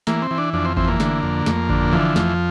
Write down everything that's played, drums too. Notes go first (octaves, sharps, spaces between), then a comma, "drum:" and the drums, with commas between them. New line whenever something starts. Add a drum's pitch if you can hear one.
E3 A#3, drum: snare
C4
E3
D4
F2 D4
C4
E3 C4, drum: kick G1
A#3
D3, drum: snare
F2
F2, drum: snare
D3, drum: kick G1
E3 F3
F2, drum: snare